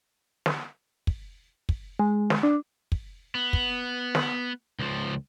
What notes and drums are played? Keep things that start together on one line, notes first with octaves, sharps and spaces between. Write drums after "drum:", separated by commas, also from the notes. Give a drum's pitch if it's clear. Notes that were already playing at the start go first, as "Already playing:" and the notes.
drum: snare
drum: kick
drum: kick
G#3
drum: snare
D4
drum: kick
B3
drum: kick
drum: snare
C#2 F3